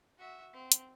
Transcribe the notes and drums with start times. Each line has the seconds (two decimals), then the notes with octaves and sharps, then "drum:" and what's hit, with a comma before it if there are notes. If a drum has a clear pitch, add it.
0.18 F#4 E5
0.53 C4
0.72 drum: hi-hat